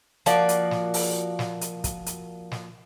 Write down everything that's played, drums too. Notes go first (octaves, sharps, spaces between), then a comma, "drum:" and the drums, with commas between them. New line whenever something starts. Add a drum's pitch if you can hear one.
F3 A#3 F#4 D5, drum: hi-hat
drum: hi-hat
drum: snare
drum: open hi-hat
drum: snare
drum: hi-hat
drum: kick, hi-hat
drum: hi-hat
drum: snare